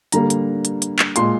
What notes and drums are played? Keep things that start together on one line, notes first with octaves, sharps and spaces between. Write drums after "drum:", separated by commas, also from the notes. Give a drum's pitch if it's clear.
D3 G3 A#3 A#5, drum: hi-hat
drum: hi-hat
drum: hi-hat
drum: hi-hat
drum: clap
A#2 G#3 C6, drum: hi-hat